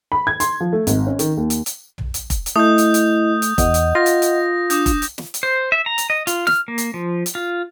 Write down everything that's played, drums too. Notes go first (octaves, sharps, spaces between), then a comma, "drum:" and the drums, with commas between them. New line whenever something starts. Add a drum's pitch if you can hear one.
B5
G#6
C6, drum: hi-hat
F3
A3
G#1, drum: hi-hat
C#4
D#3, drum: hi-hat
D#2
drum: hi-hat
drum: hi-hat
drum: tom
drum: hi-hat
drum: kick F1, hi-hat
drum: hi-hat
A3 E4 D#5 D#6 G6
drum: hi-hat
drum: hi-hat
drum: hi-hat
E2 D#5 F#5, drum: kick F1, hi-hat
drum: hi-hat
F4 A#6
drum: hi-hat
drum: hi-hat
D4 D6 D#6 G6, drum: hi-hat
drum: kick F1, hi-hat
drum: hi-hat
drum: snare
drum: hi-hat
C5
E5
A#5
drum: hi-hat
D#5
F4, drum: hi-hat
F6, drum: snare
A#3
drum: hi-hat
F3
drum: hi-hat
F4